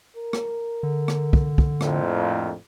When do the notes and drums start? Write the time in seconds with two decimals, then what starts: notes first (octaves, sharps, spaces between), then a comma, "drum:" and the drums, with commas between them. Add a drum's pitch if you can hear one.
0.16 A#4
0.33 drum: rim click
0.83 D3
1.08 drum: rim click
1.33 drum: kick
1.58 drum: kick
1.81 A#1 F2 A2, drum: rim click